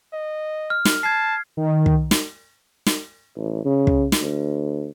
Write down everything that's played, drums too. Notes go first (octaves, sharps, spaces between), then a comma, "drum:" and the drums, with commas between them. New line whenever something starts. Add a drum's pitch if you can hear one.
D#5
F6
drum: snare
A5 G#6 C7
D#3
drum: kick
drum: snare
drum: snare
A1
C#3
drum: kick
drum: snare
D2